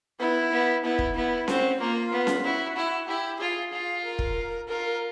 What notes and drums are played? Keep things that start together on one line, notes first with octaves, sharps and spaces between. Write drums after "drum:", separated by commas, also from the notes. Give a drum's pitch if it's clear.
B3 E4
B3
B3 E4
drum: kick
B3 E4
C4 F#4, drum: snare C#4
A#3 F4
B3
drum: snare C#4
E4 F#4
E4
E4 G4
F4 G#4
F4
A#4
drum: kick
F4 A#4